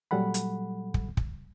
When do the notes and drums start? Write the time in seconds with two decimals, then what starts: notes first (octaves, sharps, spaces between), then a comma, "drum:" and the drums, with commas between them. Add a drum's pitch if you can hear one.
0.11 A#2 F#3 G3 A4 F#5 B5
0.34 drum: hi-hat
0.94 drum: kick
1.17 drum: kick